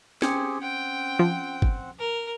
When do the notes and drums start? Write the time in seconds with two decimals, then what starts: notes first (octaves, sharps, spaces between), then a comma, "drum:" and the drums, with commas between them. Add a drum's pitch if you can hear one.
0.22 C4 C#4 G4 G#4, drum: snare
0.62 C4 F#5 G5
1.19 F3
1.62 drum: kick G#1
1.99 A#4